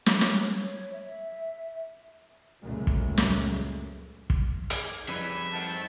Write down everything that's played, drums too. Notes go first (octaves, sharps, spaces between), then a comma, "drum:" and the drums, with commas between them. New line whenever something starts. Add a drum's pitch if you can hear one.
drum: snare
C#5, drum: snare
E5
C#2 F#2 A#2 F#3 G#3 A3
drum: kick
drum: snare
drum: kick
A#3 D#4 G#4, drum: hi-hat
F2 C#3 E3 G3 D#4 B4 E5
G#2 D#3 A3 A5